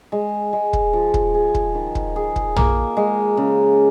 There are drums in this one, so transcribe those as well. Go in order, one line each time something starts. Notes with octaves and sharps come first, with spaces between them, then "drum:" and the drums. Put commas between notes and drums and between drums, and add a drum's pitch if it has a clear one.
G#3
G#3
drum: kick
F3
drum: kick
G#4
drum: kick
D#3
drum: kick
G#4
drum: kick
A#3, drum: tom
G#3
C#3